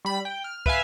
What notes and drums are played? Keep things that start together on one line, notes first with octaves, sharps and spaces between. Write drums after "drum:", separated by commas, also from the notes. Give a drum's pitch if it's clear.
G3 B5
G5
F6
B4 E5 F5 G#5, drum: kick